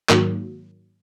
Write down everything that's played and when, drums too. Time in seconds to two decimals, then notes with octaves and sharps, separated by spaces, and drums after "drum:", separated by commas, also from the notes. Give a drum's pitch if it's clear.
0.09 G#2 D#3 F#3 A#3, drum: clap